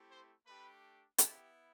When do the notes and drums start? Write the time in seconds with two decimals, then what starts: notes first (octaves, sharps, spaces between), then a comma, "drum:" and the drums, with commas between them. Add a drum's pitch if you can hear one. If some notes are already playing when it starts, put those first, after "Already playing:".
Already playing: A3 C4 E4 G4
0.11 C5 C6
0.46 A3 D4 G4 B4 B5
1.18 B3 E4 G4 A4 A5, drum: hi-hat